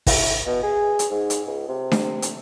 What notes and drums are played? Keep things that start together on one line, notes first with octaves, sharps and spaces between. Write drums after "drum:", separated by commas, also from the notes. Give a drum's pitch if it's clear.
E4, drum: kick, open hi-hat
B2
G#4
drum: hi-hat
G#2
drum: hi-hat
C#2
C3
drum: snare D4
drum: hi-hat